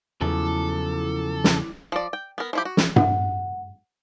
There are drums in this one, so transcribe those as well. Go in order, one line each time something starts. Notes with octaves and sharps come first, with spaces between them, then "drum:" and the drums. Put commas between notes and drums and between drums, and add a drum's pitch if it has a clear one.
E2 C#3 F3 F#3 E4 A4 D6
drum: snare
F3 D5
G5
B3 A#4
F3 E4 G4
F#4
drum: snare
F#5, drum: tom G2